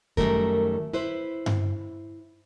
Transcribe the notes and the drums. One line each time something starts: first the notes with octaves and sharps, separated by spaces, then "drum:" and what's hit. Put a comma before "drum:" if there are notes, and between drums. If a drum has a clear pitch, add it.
F#2 B2 D#3 G3 A3 A#4, drum: kick
E4 B4 C5
drum: tom G2